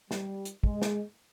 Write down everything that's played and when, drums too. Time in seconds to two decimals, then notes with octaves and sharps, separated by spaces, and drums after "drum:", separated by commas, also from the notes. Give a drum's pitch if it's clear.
0.11 G3, drum: snare
0.45 drum: hi-hat
0.64 G#3, drum: kick
0.82 drum: snare